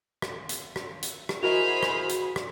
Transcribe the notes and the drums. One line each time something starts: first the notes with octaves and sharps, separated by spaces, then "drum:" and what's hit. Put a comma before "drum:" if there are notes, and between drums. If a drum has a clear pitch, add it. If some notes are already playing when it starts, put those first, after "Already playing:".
drum: rim click
drum: hi-hat
drum: rim click
drum: hi-hat
drum: rim click
E4 F#4 G#4 A#4 C5 D#5 B5 F7
drum: rim click
drum: hi-hat
drum: rim click